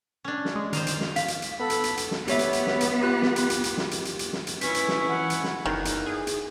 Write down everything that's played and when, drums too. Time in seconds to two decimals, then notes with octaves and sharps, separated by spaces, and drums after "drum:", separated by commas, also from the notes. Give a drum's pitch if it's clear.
0.24 C#4 D4
0.45 drum: snare
0.55 G#3
0.73 D#3 C5 D#5 F5, drum: hi-hat
0.87 drum: hi-hat
1.00 drum: snare
1.16 F5 B6, drum: hi-hat
1.28 drum: hi-hat
1.42 drum: hi-hat
1.60 B3 A4 B5
1.70 drum: hi-hat
1.84 drum: hi-hat
1.97 drum: hi-hat
2.11 drum: snare
2.28 B3 G4 C#5 E5, drum: hi-hat
2.39 drum: hi-hat
2.53 drum: hi-hat
2.67 drum: snare
2.81 drum: hi-hat
3.02 F4 G4 F#6
3.22 drum: snare
3.36 drum: hi-hat
3.50 drum: hi-hat
3.64 drum: hi-hat
3.77 drum: snare
3.91 drum: hi-hat
4.05 drum: hi-hat
4.19 drum: hi-hat
4.33 drum: snare
4.47 drum: hi-hat
4.61 C#4 E4 B4 B6, drum: hi-hat
4.74 drum: hi-hat
4.88 drum: snare
5.09 E3 F#5
5.30 drum: hi-hat
5.44 drum: snare
5.66 F#1 E2 D#3
5.85 drum: hi-hat
6.06 G#4
6.27 drum: hi-hat